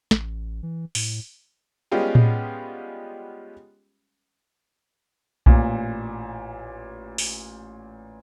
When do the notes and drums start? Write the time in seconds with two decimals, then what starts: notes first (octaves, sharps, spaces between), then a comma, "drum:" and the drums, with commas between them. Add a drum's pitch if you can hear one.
0.11 A1, drum: snare
0.63 E3
0.95 A2, drum: open hi-hat
1.92 G3 G#3 B3 C#4 F4 G4
2.15 drum: tom A2
5.46 A1 A#2, drum: kick B1
7.18 drum: open hi-hat